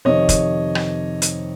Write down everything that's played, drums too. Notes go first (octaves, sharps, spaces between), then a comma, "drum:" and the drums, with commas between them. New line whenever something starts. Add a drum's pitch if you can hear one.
F2 C3 D#3 C#5 D#5
drum: kick, hi-hat
drum: rim click
drum: hi-hat